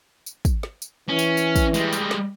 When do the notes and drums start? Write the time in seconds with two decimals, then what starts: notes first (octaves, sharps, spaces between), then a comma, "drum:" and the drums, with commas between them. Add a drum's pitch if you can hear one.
0.26 drum: tambourine
0.45 drum: kick, tambourine
0.63 drum: snare
0.82 drum: tambourine
1.09 E3 C#4
1.19 drum: tambourine
1.37 drum: tambourine
1.56 drum: kick, tambourine
1.74 G3 G#3, drum: tambourine
1.93 drum: tambourine
2.11 drum: snare